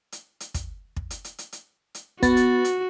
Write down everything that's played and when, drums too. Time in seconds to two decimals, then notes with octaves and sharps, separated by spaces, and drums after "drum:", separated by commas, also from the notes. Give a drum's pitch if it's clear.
0.12 drum: hi-hat
0.40 drum: hi-hat
0.54 drum: kick, hi-hat
0.96 drum: kick
1.10 drum: hi-hat
1.24 drum: hi-hat
1.38 drum: hi-hat
1.52 drum: hi-hat
1.95 drum: hi-hat
2.23 B3 F#4 A6, drum: kick, hi-hat
2.37 drum: hi-hat
2.65 drum: hi-hat